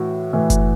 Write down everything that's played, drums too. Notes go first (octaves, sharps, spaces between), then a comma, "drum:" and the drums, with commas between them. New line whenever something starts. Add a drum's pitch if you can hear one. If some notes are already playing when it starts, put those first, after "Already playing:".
Already playing: A2 E3 F#4
A2 E3
drum: kick F#1, hi-hat